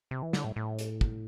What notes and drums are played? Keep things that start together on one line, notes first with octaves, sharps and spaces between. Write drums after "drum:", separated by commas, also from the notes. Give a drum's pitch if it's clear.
C3
E3
D3, drum: snare
A2
A2
drum: hi-hat
drum: kick